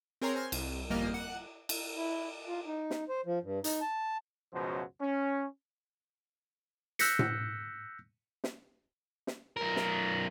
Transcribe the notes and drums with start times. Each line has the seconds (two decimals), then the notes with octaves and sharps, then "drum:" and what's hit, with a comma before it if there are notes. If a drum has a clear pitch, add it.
0.22 C4 G#4 A#4 C#5 A#5 C6
0.35 C5 G#5 C6 F6
0.52 C2, drum: cymbal
0.90 G1 F2 G3 A#3 D#5 F6
1.14 F#5
1.69 drum: cymbal
1.96 E4
2.48 F4
2.66 D#4
2.90 drum: snare
3.09 C5
3.26 F3
3.42 G2
3.64 D#4, drum: hi-hat
3.81 A5
4.53 C#2 F#2 B2 F3 F#3 C5
5.00 C#4
6.99 E6 F#6 G6 A#6 B6 C#7, drum: hi-hat
7.19 drum: tom A2
8.44 drum: snare
9.27 drum: snare
9.57 B1 A#4
9.76 drum: snare